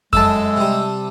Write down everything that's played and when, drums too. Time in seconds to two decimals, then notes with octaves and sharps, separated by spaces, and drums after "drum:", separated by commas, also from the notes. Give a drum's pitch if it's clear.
0.13 F#2 G#3 A3 A4 A5 E6, drum: kick F2
0.57 C3 G3